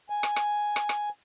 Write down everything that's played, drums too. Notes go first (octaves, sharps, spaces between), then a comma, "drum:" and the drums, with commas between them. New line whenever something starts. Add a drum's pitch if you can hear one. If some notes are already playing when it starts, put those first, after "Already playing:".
G#5
drum: rim click
drum: rim click
drum: rim click
drum: rim click